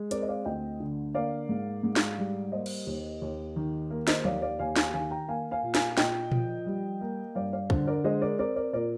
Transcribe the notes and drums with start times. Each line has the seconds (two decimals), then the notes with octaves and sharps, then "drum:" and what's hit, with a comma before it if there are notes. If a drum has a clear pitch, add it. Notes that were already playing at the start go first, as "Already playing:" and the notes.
Already playing: G#3
0.11 C4 A#4 D5, drum: hi-hat
0.22 D#5
0.28 D5 F5
0.45 D2 D#5 G5
0.80 D3
1.14 A#3 D5 F5
1.49 G#2
1.83 G#2
1.96 drum: snare
2.18 G3
2.52 A#3 C5 D#5
2.66 drum: cymbal
2.87 D#2
3.22 D#2
3.56 D#3
3.90 A#3
4.07 C5 D#5, drum: snare
4.25 D#2 D5 F5, drum: tom F3
4.42 D5 F5
4.59 D#2 F5 G#5
4.76 F5 G#5, drum: snare
4.94 D#3 F5 G#5
5.11 G5 A#5
5.28 A#3 F5 G#5
5.51 F5 G#5
5.63 A#2
5.75 F5 G#5, drum: snare
5.98 A#2 D#5 G5, drum: snare
6.32 F3, drum: tom A#2
6.66 G3
7.01 A#3
7.35 G2 D5 F5
7.53 D5 F5
7.70 D3 C5, drum: kick
7.87 A#4 D5
8.04 G#3 C5 D#5
8.22 A#4 D5
8.39 C4 A#4 D5
8.56 A#4 D5
8.73 A#2 A#4 D5